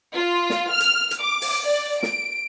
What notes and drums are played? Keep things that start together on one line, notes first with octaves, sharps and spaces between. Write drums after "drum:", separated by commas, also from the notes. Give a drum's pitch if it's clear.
F4
drum: snare
F6
drum: hi-hat
drum: hi-hat
D6
drum: open hi-hat
D5
D7, drum: snare